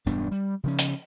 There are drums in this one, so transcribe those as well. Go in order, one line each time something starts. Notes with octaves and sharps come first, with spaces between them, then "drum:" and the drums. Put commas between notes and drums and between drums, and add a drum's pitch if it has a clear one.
E1 G2 B3 D4
G3
C#3 F3 C#4
drum: hi-hat